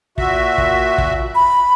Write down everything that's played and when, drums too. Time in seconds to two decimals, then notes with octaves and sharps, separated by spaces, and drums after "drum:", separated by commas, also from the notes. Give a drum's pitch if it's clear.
0.18 A#2 F#4 E5, drum: kick
0.58 drum: kick
0.98 drum: kick
1.35 B5